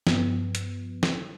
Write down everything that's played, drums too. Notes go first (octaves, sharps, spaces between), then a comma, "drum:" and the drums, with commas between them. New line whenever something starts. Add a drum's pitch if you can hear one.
G2 F3 B3, drum: snare
drum: hi-hat
drum: snare